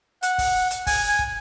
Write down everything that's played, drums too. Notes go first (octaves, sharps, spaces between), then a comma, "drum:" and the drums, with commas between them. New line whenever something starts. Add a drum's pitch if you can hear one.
F#5, drum: hi-hat
drum: kick, open hi-hat
drum: hi-hat
G#5, drum: kick, open hi-hat
G#5
drum: kick